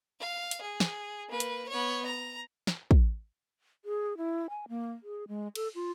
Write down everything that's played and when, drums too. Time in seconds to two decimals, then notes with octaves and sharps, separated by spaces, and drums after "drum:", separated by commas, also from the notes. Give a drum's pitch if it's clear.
0.20 F5
0.51 drum: hi-hat
0.62 G#4
0.80 drum: snare
1.29 A#3 B4
1.40 drum: hi-hat
1.68 B3 C#5
2.06 A#5
2.67 drum: snare
2.91 drum: kick
3.85 G#4
4.17 E4
4.50 G#5
4.69 A#3
5.03 G#4
5.28 G#3
5.55 A4, drum: cymbal
5.75 F4